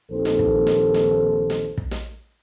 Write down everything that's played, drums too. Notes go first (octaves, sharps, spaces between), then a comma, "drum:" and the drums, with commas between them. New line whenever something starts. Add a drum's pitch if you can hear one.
A#1 D#2 D#3 C4 A4 C5
drum: snare
drum: kick
drum: snare
drum: snare
drum: snare
drum: kick
drum: snare